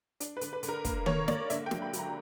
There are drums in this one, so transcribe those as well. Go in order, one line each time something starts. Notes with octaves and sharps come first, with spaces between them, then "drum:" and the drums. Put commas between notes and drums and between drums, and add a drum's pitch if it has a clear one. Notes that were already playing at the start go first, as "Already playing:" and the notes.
D4, drum: hi-hat
B4
D3, drum: hi-hat
B4
D3, drum: hi-hat
A#4
A#3, drum: kick, hi-hat
A#3 C#5, drum: tom D#3
A#3 D5, drum: snare
D3 E5, drum: hi-hat
G5
F#3, drum: snare
B5
F#3, drum: hi-hat
A#5